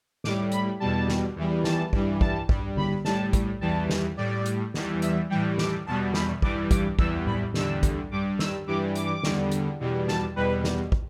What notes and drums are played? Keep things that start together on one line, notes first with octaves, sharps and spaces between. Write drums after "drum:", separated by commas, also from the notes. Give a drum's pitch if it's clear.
A2 G3 D6, drum: snare
B5, drum: hi-hat
E2 B2 G3 A5
drum: snare
E2 E3 G3
A5, drum: snare
G2 E3 G3, drum: kick
A5, drum: kick
G2 G3, drum: kick
B5, drum: tom D3
A2 G3 A5, drum: snare
drum: kick, hi-hat
E2 E3 G3 A5
drum: snare
A2 G3 D5
drum: hi-hat
E2 E3 G3, drum: snare
E5, drum: hi-hat
A2 E3 G3 G5
D6, drum: snare
E2 B2 G3 A5
B5, drum: snare
G2 E3 G3 D6, drum: kick
D6, drum: kick, hi-hat
E2 E3 G3 E6, drum: kick
B5, drum: tom A2
E2 D3 G3 E6, drum: snare
drum: kick, hi-hat
G2 G3 D6
E6, drum: snare
G2 E3 G3 D6
D6, drum: hi-hat
E2 D3 G3, drum: snare
drum: hi-hat
E2 B2 G3
A5, drum: snare
E2 B2 G3 B4
drum: snare
drum: kick